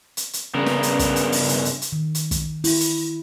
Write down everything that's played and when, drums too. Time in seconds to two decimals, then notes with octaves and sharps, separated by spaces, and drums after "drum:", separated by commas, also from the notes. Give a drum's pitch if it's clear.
0.17 drum: hi-hat
0.33 drum: hi-hat
0.55 G2 C#3 B3 A#4
0.66 drum: snare
0.83 drum: hi-hat
0.99 drum: kick, hi-hat
1.16 drum: hi-hat
1.32 drum: open hi-hat
1.49 drum: hi-hat
1.65 drum: hi-hat
1.82 drum: hi-hat
1.92 D#3
2.15 drum: hi-hat
2.31 drum: kick, hi-hat
2.64 E4, drum: open hi-hat
2.80 drum: hi-hat